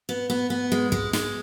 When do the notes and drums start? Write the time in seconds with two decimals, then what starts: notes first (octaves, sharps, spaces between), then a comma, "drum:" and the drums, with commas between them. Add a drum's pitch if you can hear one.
0.09 B3
0.30 B3
0.50 B3
0.72 G#3
0.92 G#3, drum: kick
1.13 G#3, drum: snare